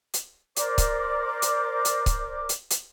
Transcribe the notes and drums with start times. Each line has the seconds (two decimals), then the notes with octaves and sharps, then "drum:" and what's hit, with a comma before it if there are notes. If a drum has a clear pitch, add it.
0.14 drum: hi-hat
0.56 A#4 C5 D5 D6, drum: hi-hat
0.78 drum: kick C#1, hi-hat
1.42 drum: hi-hat
1.85 drum: hi-hat
2.06 drum: kick C#1, hi-hat
2.49 drum: hi-hat
2.70 drum: hi-hat